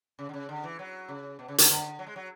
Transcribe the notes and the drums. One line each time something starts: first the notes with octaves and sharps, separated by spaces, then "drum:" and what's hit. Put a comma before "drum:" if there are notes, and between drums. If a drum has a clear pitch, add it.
C#3
D3
C#3
D3
E3
F#3
C#3
B2
C#3
D3, drum: hi-hat
D3
F#3
G#3
F#3